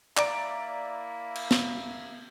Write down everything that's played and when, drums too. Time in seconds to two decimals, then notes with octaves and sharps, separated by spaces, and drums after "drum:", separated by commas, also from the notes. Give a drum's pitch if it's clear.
0.17 A#3 E4 D5 A#5 D7, drum: clap
1.35 drum: cymbal
1.51 drum: snare